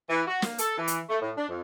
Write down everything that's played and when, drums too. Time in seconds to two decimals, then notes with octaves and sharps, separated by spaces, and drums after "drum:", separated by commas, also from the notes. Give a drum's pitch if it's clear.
0.09 E3
0.27 F#4
0.42 A#3, drum: snare
0.58 A4, drum: hi-hat
0.77 E3
0.88 drum: hi-hat
1.09 A3
1.21 A2
1.36 D4
1.49 F2